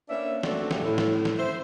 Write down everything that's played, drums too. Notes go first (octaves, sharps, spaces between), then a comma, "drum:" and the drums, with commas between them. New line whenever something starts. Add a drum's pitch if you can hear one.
A#3 C#4 D4 B4 E5
A3 C4 D4 F#4 A4, drum: snare
D2 A2 C#3 A3 F#4 G4, drum: snare
A2 E4
drum: snare
drum: snare
C5 E5